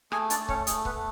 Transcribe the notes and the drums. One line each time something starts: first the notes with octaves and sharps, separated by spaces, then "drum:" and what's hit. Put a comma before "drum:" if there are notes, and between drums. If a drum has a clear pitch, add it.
A3 G#4 G#5, drum: rim click
D4 D5, drum: hi-hat
A3
C#4 C#5, drum: kick C#1
A3 G#4, drum: hi-hat
B3 B4, drum: kick C#1
A3